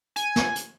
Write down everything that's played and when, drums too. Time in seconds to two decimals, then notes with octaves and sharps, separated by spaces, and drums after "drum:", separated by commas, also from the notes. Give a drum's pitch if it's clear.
0.16 G#5, drum: hi-hat
0.36 drum: snare
0.56 drum: hi-hat